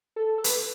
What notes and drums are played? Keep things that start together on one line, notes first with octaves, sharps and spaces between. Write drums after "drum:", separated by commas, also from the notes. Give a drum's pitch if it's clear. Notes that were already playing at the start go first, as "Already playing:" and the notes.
A4
A4
B4, drum: hi-hat